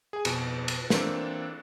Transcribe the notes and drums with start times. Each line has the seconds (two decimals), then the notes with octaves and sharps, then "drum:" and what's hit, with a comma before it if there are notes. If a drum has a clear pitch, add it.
0.13 G#4 G#5
0.25 F2 B2, drum: cymbal
0.68 drum: cymbal
0.90 E3 A#3 C4 D4 A4, drum: snare